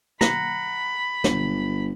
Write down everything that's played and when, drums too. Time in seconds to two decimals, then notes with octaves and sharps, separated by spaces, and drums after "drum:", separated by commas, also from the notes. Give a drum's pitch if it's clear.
0.21 F#5 A#5 B5, drum: snare
1.24 G1, drum: snare